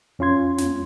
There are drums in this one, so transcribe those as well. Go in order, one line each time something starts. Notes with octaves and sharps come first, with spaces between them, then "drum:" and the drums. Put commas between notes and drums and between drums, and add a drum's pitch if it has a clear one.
F2 C#4 F4 C6 G#6
drum: snare